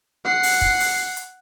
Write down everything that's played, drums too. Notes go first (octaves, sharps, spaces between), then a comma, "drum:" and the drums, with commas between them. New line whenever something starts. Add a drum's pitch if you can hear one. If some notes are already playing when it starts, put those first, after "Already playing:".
F#5 C7
drum: open hi-hat
drum: kick
drum: open hi-hat
drum: hi-hat